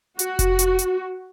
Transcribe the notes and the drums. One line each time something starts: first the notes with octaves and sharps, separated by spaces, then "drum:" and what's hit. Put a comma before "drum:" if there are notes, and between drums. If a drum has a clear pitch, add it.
F#4, drum: hi-hat
drum: kick F1, hi-hat
drum: hi-hat
drum: hi-hat